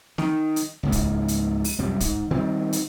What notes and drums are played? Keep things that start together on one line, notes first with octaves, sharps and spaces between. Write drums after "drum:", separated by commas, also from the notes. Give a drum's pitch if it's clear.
D#3, drum: snare
drum: hi-hat
C#2 G#2 A#3
drum: kick, hi-hat
drum: hi-hat
drum: open hi-hat
C2 F#2 G3
G#2, drum: kick, hi-hat
D#3 G3 C4
drum: hi-hat